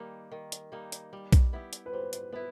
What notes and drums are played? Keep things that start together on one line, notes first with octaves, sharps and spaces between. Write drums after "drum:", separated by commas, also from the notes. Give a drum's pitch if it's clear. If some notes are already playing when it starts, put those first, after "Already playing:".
Already playing: D#3 G3 A#3 D#4
D#3
drum: hi-hat
G3 A#3 D#4
drum: hi-hat
G3
drum: kick B1, hi-hat
B3 E4 G4
drum: hi-hat
B4
G3 C5
drum: hi-hat
B3 E4 B4